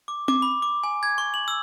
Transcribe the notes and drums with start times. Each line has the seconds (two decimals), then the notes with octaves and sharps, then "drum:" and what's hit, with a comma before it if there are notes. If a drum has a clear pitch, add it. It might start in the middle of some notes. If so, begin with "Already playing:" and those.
0.08 D6
0.28 D6, drum: tom C4
0.42 B5
0.62 D6
0.83 G#5
1.03 G#6
1.18 C#6
1.34 F#7
1.48 E6